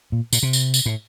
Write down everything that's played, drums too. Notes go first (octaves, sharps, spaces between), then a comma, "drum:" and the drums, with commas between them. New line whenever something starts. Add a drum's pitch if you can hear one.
A#2
A#2, drum: tambourine
C3
drum: tambourine
drum: tambourine
A2